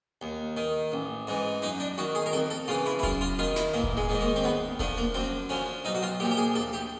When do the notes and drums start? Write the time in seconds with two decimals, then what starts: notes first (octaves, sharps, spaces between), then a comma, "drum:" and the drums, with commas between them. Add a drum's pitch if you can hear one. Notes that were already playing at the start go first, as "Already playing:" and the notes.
0.22 D#2
0.57 D#3
0.92 A1
1.27 G#2 E3
1.62 F#2 D#4
1.80 D4
1.98 D#3 F#4
2.15 G#4
2.26 A#4
2.33 F2 A4
2.50 A4
2.68 C#3 E3 F4
2.86 E4
2.99 E4
3.03 F#2 F4, drum: kick E1
3.21 F4
3.39 D#3 F4
3.56 E4, drum: snare
3.74 A1 A#3
3.84 drum: kick E1
3.97 G#3
4.09 G#2 D#3
4.21 A#3
4.36 C4
4.44 D2 B3
4.79 D3 F3 A3, drum: kick E1
4.97 A#3
5.14 F#2 C4
5.49 D3 F3 C#4
5.85 B1 D#4
5.95 F#4
6.03 F4
6.20 A#2 F3 G4
6.31 G4
6.37 G#4
6.55 D2 A4
6.73 G4